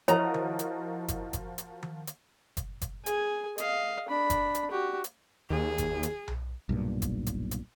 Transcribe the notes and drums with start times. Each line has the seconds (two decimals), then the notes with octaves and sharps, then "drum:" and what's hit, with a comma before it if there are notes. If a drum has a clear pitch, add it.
0.08 F3 E4 F#4 A#4 C#5 D#5 A#5 D#6, drum: hi-hat
0.34 drum: tom D#3
0.59 drum: hi-hat
1.08 drum: kick F#1, hi-hat
1.33 drum: kick F#1, hi-hat
1.58 drum: hi-hat
1.83 drum: tom D#3
2.07 drum: hi-hat
2.57 drum: kick F#1, hi-hat
2.81 drum: kick F#1, hi-hat
3.06 G#4 G#5, drum: hi-hat
3.58 D#5 F5, drum: hi-hat
4.09 D4 B5
4.30 drum: kick F#1, hi-hat
4.55 drum: hi-hat
4.71 F#4 G4
5.04 drum: hi-hat
5.50 D#2 G#4
5.78 drum: kick F#1, hi-hat
6.03 drum: hi-hat
6.28 drum: tom B1
6.69 B1 G2 A#2
7.02 drum: kick F#1, hi-hat
7.27 drum: kick F#1, hi-hat
7.51 drum: hi-hat